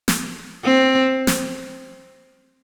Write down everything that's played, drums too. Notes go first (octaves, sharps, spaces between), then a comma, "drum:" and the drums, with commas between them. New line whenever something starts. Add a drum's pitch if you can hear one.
drum: snare
C4
drum: snare